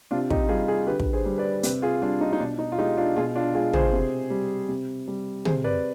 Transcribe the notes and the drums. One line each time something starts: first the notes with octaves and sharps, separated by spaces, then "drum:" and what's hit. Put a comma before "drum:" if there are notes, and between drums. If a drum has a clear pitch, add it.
C3 D4 F4
D#4 G4, drum: kick
G3 F4 G#4
F4 G#4
D3 G4 B4
drum: kick
G#4 C5
G3
B4 D5
C3 G4 B4, drum: hi-hat
F4 G#4
G3 D4 F4
D#4
D#4
B2 D4
D#4
F4
G#3 D#4 G4
D4 F4
B2 F4 G#4
D4 F4
G#3 F4 G#4
G#4 C5, drum: tom
C3
G3
C3
G3
C3 G#4 C5, drum: tom
B4 D5